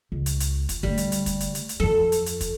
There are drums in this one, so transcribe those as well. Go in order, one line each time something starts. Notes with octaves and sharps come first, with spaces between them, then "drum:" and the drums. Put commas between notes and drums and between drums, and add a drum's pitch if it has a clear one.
C#2
drum: hi-hat
drum: hi-hat
drum: kick, hi-hat
D3 G3 A3
drum: hi-hat
drum: hi-hat
drum: kick, hi-hat
drum: hi-hat
drum: hi-hat
drum: hi-hat
F2 F3 A4
drum: hi-hat
drum: hi-hat
drum: kick, hi-hat